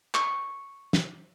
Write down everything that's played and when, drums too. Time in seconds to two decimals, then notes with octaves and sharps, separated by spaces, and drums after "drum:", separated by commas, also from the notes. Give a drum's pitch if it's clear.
0.14 C#6, drum: clap
0.93 drum: snare